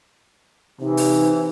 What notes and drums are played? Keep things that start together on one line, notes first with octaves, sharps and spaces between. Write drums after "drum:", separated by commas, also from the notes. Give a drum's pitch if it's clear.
C3 E3 D#4
drum: open hi-hat